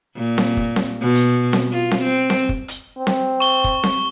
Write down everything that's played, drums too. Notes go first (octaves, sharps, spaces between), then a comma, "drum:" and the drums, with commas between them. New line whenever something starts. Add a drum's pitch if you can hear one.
A#2
drum: snare C4
drum: kick
drum: snare C4
B2
drum: hi-hat
drum: snare C4
F4
drum: snare C4
C4
drum: snare C4
drum: kick
drum: hi-hat
C4
drum: snare C4
C#6 G7
drum: kick
drum: snare C4